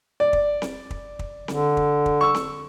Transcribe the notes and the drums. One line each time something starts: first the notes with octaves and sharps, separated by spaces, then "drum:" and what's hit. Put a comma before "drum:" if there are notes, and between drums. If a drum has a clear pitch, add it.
D5
drum: kick
drum: snare C4
drum: kick
drum: kick
D3, drum: snare C4
drum: kick
drum: kick
C#6 E6
drum: snare C4